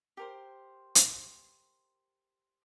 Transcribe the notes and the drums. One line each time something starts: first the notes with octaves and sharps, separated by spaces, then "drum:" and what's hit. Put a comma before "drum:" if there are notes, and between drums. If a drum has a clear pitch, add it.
G4 A#4 C5
drum: hi-hat